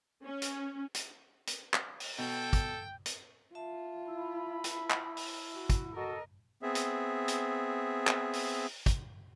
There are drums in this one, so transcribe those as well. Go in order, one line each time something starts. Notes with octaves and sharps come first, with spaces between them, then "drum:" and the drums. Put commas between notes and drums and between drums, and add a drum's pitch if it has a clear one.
C#4
drum: hi-hat
drum: hi-hat
drum: hi-hat
drum: clap
drum: open hi-hat
B2 A4 G5
drum: kick, hi-hat
drum: hi-hat
F4 E5 A5
E4 B5
drum: hi-hat
drum: clap
drum: open hi-hat
F#4
drum: kick, hi-hat
F#4 A4 A#4 D#5
B3 C4 G#4 E5
drum: hi-hat
drum: hi-hat
drum: clap
drum: open hi-hat
drum: kick, hi-hat